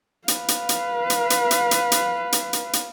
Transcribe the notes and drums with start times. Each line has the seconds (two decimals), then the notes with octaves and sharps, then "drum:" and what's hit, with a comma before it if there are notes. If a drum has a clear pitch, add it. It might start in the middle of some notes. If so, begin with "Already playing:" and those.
0.28 B4 F5, drum: hi-hat
0.48 drum: hi-hat
0.69 drum: hi-hat
1.10 drum: hi-hat
1.30 drum: hi-hat
1.51 drum: hi-hat
1.71 drum: hi-hat
1.92 drum: hi-hat
2.32 drum: hi-hat
2.53 drum: hi-hat
2.73 drum: hi-hat